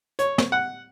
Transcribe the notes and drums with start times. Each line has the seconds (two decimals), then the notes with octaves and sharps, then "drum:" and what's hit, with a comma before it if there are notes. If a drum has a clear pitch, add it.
0.19 C#5, drum: hi-hat
0.38 drum: snare
0.52 F#5